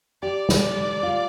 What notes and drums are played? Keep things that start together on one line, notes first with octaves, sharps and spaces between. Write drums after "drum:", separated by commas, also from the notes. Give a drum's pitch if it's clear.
G4 D5
drum: snare
F4